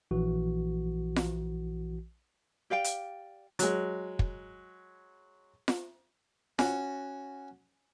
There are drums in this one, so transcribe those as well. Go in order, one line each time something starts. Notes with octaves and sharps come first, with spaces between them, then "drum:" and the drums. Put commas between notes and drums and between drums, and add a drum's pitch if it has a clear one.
A#1 E3 F#4
drum: snare F4
G4 D5 F5 G5
drum: hi-hat
F#3 G#3, drum: hi-hat
drum: kick
drum: snare F4
C#4 F#4, drum: snare F4